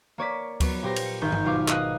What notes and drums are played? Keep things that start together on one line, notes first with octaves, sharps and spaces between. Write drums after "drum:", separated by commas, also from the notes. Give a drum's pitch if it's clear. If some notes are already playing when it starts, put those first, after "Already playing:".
A#3 C#5 D5 B6
F#3 B3, drum: kick D2, cymbal
A#2 G4 C5 A#6
drum: cymbal
G#1 D#3 G6
drum: tom G2
B2 F#3 F4 F5 D6
D#5 F5 D#6 F#6, drum: clap